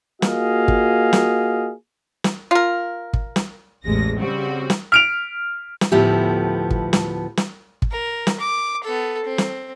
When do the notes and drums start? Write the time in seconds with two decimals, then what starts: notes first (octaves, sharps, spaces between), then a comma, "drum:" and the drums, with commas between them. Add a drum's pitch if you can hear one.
0.22 A#3 F4 F#4 G#4 D#5 F5, drum: snare
0.68 drum: kick
1.13 drum: snare
2.24 drum: snare
2.51 F4 A#4
3.13 drum: kick
3.36 drum: snare
3.85 A1 E2 G#3 A#6
4.17 C#3 G3 C4 F#4
4.70 drum: snare
4.92 F6 D7 F7
5.81 drum: snare
5.92 D2 A2 F3 B3 G4 E5
6.70 drum: kick
6.93 drum: snare
7.37 drum: snare
7.82 drum: kick
7.91 A#4
8.27 drum: snare
8.40 D6
8.83 B3 A4
9.25 C4
9.38 drum: snare